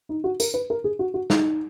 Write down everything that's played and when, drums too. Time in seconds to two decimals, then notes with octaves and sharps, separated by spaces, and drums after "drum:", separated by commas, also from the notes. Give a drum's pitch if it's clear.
0.09 D#4
0.24 F#4
0.40 A#4, drum: tambourine
0.54 B4
0.70 A#4
0.84 G#4
0.99 F#4
1.14 F#4
1.30 D#4, drum: snare